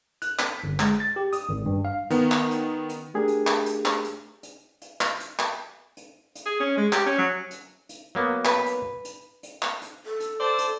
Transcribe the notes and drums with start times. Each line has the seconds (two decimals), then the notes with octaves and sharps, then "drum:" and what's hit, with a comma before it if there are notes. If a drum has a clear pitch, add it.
0.22 F#6, drum: hi-hat
0.39 B6, drum: clap
0.64 G1
0.80 G#3, drum: clap
1.00 A6
1.16 G4
1.33 D#6, drum: hi-hat
1.49 G#1
1.66 G2
1.85 F5
2.10 D#3 B3, drum: hi-hat
2.32 drum: clap
2.51 drum: hi-hat
2.89 drum: hi-hat
3.14 A3 D4 G4 G#4 A#4
3.28 drum: hi-hat
3.47 drum: clap
3.66 drum: hi-hat
3.85 drum: clap
4.05 drum: hi-hat
4.43 drum: hi-hat
4.82 drum: hi-hat
5.01 drum: clap
5.20 drum: hi-hat
5.39 drum: clap
5.97 drum: hi-hat
6.35 drum: hi-hat
6.46 G#4
6.60 C#4
6.77 G#3
6.93 G4, drum: clap
7.06 C#4
7.18 F#3
7.51 drum: hi-hat
7.89 drum: hi-hat
8.15 F#3 A#3 B3
8.45 B4, drum: clap
8.66 drum: hi-hat
9.05 drum: hi-hat
9.43 drum: hi-hat
9.62 drum: clap
9.82 drum: hi-hat
10.05 A4
10.20 drum: hi-hat
10.40 C5 D5 A5
10.59 drum: hi-hat